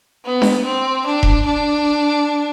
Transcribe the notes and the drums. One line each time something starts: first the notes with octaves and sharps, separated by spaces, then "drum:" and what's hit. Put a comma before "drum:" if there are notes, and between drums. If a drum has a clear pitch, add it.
B3
drum: snare D4
C4
D4
drum: kick E1
D4